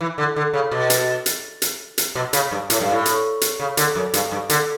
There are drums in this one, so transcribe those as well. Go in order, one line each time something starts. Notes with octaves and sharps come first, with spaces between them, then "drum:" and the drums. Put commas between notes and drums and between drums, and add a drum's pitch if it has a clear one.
E3
D3
D3
C#3
B2
drum: hi-hat
drum: hi-hat
drum: hi-hat
drum: hi-hat
B2
C#3, drum: hi-hat
G2
A2, drum: hi-hat
G2
A2
drum: hi-hat
drum: hi-hat
C#3
D3, drum: hi-hat
F#2
G2, drum: hi-hat
G2
D3, drum: hi-hat